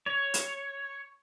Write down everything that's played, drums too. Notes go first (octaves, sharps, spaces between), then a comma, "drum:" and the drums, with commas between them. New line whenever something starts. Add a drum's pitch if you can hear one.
C#5
drum: hi-hat